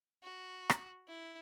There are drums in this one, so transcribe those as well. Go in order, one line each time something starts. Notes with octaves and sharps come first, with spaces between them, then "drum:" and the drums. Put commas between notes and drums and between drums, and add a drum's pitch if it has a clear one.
F#4
drum: rim click
E4